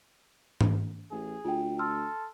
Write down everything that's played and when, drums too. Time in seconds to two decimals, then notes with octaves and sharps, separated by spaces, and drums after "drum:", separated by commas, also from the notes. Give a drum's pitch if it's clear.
0.61 drum: tom G#2
1.12 A1 G#4
1.44 D2 F4 G5
1.79 A4 C6 E6 F6